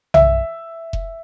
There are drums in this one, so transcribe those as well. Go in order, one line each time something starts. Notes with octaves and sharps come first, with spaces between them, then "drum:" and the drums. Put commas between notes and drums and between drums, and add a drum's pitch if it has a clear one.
E5, drum: tom B1
drum: kick F1